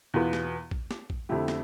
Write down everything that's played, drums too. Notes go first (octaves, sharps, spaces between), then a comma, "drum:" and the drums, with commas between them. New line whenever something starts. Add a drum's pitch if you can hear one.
E2 B2 B3 F4
drum: snare
drum: kick
drum: snare
drum: kick
F2 D3 A3 E4 G4
drum: snare